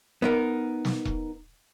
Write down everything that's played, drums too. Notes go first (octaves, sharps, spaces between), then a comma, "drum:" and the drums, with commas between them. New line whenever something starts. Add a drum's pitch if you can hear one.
B3 D#4 A#4
drum: snare
drum: kick E1